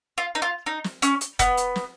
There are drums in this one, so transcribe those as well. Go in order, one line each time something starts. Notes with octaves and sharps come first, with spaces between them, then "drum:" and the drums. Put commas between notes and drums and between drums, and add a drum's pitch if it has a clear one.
F4
D#4
F4
D#4
drum: snare
C#4, drum: hi-hat
drum: hi-hat
B3, drum: kick, hi-hat
drum: hi-hat
drum: snare